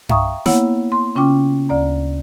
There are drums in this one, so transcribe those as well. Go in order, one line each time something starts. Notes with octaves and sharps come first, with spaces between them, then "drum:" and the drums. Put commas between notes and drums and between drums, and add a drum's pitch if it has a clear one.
E5 F5 G5 A#5 C#6 D#6, drum: tom G2
A#3 B3 E4 C#5 F#5, drum: snare
C6
C#3 C#4 F4 G5 D6
D2 D5 A#5